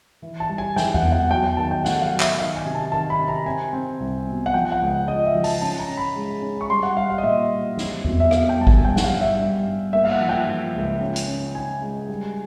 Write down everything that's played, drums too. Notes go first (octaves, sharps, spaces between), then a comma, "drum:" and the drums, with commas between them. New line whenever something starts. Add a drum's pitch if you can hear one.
E3
A5
G3
G#5
E3 G5, drum: snare
F#5, drum: tom E2
B3
F#5
F#3 G5
G5
D#3 A5
G5
A3 F#5, drum: snare
F5
F#3
E5, drum: clap
D#3 F5
G#5
C3
A5
D#3 A5
B5
C3
A#5
C4 G#5
C4
C2
B2
F#5
F3 G5
F#5
C#2
C#2 D#5
E5
F3
A5, drum: open hi-hat
C#4 A5
A#5
C#4
B5
G#3
C#4
C#6
G3 C6
F#5
G3 F5
F5
D#5
A#2 E5
G3
C4, drum: snare
B2, drum: tom E2
E5
B2 F5, drum: rim click
G5
G3 A5
G#5, drum: kick G#1
G2 G5
F#5, drum: snare
F5
G2
E5
G2
G2
A#3 E5
F5, drum: cymbal
F#5
F3
G5
F3
C#2
C#4
drum: hi-hat
C#4
C#4 G#5
G#3
G3